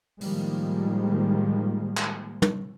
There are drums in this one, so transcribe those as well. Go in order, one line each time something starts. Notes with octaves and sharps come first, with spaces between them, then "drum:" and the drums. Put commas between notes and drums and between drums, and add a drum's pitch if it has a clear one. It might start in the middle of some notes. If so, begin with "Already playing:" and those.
A2 D#3 F3 G3 G#3 A#3, drum: open hi-hat
drum: clap
drum: tom